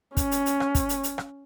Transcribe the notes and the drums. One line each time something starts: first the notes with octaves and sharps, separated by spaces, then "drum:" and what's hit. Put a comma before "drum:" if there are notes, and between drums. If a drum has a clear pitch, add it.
C#4, drum: kick, hi-hat
drum: hi-hat
drum: hi-hat
drum: rim click
drum: kick, hi-hat
drum: hi-hat
drum: hi-hat
drum: rim click